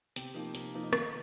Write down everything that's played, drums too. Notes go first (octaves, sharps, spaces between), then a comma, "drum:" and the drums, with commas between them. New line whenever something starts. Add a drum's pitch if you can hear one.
C3 G5, drum: hi-hat
F3 A#3 D#4
C3, drum: hi-hat
F3 A#3 D#4
D#5
D#2 F5, drum: rim click
D#5